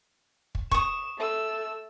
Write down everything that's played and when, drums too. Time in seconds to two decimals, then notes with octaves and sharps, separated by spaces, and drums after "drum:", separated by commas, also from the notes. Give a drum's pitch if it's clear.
0.55 drum: kick
0.71 C#6 D#6 E7, drum: kick
1.17 A3 E6